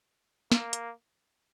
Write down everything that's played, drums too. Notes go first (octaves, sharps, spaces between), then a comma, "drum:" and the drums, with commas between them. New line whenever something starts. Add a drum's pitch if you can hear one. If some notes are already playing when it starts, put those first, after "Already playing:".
A#3, drum: snare
drum: hi-hat